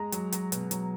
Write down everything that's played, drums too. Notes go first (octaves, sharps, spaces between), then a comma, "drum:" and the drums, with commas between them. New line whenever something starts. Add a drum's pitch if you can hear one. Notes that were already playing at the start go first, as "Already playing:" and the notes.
Already playing: G#3 A#5
F#3, drum: hi-hat
F#3, drum: hi-hat
B2, drum: hi-hat
F#3, drum: hi-hat